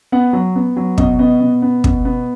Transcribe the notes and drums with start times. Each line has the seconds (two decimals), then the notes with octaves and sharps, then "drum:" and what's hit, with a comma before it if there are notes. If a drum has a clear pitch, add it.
0.12 B3 F#5
0.33 F#3
0.56 B3
0.77 F#3
0.98 B2 D#5, drum: kick
1.19 B3 D#5
1.40 B2
1.62 B3
1.84 B2, drum: kick
2.05 B3